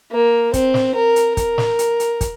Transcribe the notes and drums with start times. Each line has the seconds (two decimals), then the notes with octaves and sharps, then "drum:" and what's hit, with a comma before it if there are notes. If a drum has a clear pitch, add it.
0.12 A#3
0.53 C4, drum: kick, hi-hat
0.74 drum: snare
0.95 A#4
1.16 drum: hi-hat
1.37 A#4, drum: kick, hi-hat
1.58 drum: snare
1.79 drum: hi-hat
2.00 drum: hi-hat
2.21 drum: kick, hi-hat